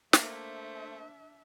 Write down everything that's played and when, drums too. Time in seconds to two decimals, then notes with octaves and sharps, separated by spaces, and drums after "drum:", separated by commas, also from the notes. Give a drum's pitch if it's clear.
0.13 A3 A#3 D4 C5 E5, drum: snare